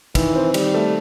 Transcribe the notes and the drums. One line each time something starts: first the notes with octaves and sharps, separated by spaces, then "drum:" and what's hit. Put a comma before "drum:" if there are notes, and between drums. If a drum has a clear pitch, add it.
D#3 E3, drum: kick, cymbal
C4
D#3 G3, drum: cymbal
A3